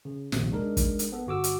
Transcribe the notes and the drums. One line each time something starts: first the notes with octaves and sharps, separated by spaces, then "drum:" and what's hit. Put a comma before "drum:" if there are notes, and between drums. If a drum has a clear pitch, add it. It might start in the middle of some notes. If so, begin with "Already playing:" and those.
C#3
A#1 D#2 C3, drum: snare
G#3 D4 D#4 A#4
drum: kick, hi-hat
drum: hi-hat
B3 A4
G1 F#4 D6 E6
drum: hi-hat